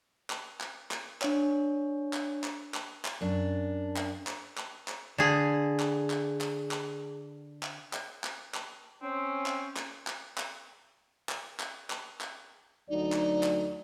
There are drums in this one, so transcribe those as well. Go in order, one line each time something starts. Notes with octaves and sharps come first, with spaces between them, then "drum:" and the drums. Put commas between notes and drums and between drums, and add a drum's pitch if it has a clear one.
drum: clap
drum: clap
drum: clap
D4 C#5, drum: clap
drum: clap
drum: clap
drum: clap
drum: clap
F#2 D4
drum: clap
drum: clap
drum: clap
drum: clap
D3 G#4
drum: clap
drum: clap
drum: clap
drum: clap
drum: clap
drum: clap
drum: clap
drum: clap
C4 C#4
drum: clap
drum: clap
drum: clap
drum: clap
drum: clap
drum: clap
drum: clap
drum: clap
D2 F#3 D#4 D5
drum: clap
drum: clap